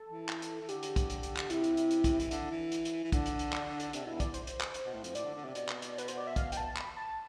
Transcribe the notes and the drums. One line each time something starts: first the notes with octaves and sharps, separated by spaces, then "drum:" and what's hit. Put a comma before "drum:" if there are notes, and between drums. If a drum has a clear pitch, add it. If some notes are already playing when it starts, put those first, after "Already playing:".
Already playing: A4
E3
drum: clap
drum: hi-hat
E3
D3 G4, drum: hi-hat
drum: hi-hat
drum: kick, hi-hat
drum: hi-hat
drum: hi-hat
drum: clap
C3 E4, drum: hi-hat
drum: hi-hat
drum: hi-hat
drum: hi-hat
drum: kick, hi-hat
E3, drum: hi-hat
D3, drum: hi-hat
E3
drum: hi-hat
drum: hi-hat
E3
D3 D4, drum: kick, hi-hat
drum: hi-hat
drum: hi-hat
drum: clap
drum: hi-hat
C3 D4, drum: hi-hat
B2 E4
E2
D5, drum: kick, hi-hat
C5, drum: hi-hat
drum: hi-hat
drum: clap
drum: hi-hat
B2
A2
F2, drum: hi-hat
A2 D5, drum: hi-hat
D3
D3
C3
B2, drum: hi-hat
drum: clap
drum: hi-hat
B4, drum: hi-hat
C5, drum: hi-hat
D5
E5
F5, drum: kick, hi-hat
G5, drum: hi-hat
A5
B5, drum: clap
A5